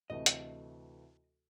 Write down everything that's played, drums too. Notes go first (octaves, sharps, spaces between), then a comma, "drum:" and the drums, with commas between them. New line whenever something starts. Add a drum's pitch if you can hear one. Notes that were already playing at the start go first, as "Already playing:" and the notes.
D2 C3 E3 A3 D#5
drum: hi-hat